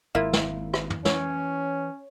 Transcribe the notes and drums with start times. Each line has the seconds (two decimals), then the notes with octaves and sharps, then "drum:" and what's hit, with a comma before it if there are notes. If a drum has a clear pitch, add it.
0.15 G#1 A#3 E4 F4
0.33 drum: snare
0.74 drum: rim click
0.90 drum: tom
1.05 E3 C#4 C#5, drum: snare